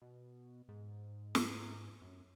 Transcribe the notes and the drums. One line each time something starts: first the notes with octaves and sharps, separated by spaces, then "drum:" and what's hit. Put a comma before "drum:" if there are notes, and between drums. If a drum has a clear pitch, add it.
B2
G#2
drum: snare
F#2